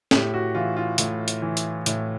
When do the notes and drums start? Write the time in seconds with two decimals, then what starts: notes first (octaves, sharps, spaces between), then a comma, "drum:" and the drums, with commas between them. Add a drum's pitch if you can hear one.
0.11 A2 G4, drum: snare
0.34 F#4
0.55 E3 F4
0.77 F4
0.98 A2, drum: hi-hat
1.28 drum: hi-hat
1.42 E3
1.57 drum: hi-hat
1.86 A2, drum: hi-hat